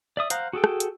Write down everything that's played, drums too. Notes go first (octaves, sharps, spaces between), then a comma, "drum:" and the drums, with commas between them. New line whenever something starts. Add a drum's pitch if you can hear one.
D5 E5 D#6
C5 F5 F#5 A#5, drum: hi-hat
F#4 G#4 A4 G5
drum: rim click
drum: hi-hat